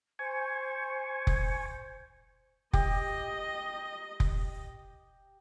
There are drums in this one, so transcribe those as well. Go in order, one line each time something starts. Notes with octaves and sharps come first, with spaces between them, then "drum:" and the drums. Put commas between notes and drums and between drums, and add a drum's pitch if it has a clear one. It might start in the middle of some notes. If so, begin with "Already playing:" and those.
C5 G#5 C#6
drum: kick F1
G4 D#5, drum: kick F1
drum: kick F1